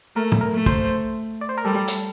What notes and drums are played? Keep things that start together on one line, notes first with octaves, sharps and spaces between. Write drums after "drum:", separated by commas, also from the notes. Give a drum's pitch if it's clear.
A3 A#4
drum: tom A2
A#4
A3
C5, drum: kick
D5
C5
A#4
G3 A4
drum: hi-hat